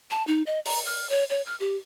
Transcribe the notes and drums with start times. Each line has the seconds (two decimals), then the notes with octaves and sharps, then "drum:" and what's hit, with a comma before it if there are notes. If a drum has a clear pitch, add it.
0.11 A5
0.27 D#4
0.46 D#5
0.66 A#5, drum: open hi-hat
0.86 F6
1.10 C#5
1.30 C#5
1.46 F6
1.60 G4